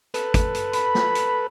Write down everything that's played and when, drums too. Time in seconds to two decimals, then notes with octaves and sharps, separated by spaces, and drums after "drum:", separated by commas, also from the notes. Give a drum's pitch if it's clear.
0.14 A4 B4, drum: hi-hat
0.34 drum: kick, hi-hat
0.54 drum: hi-hat
0.73 B5, drum: hi-hat
0.95 drum: snare
1.15 drum: hi-hat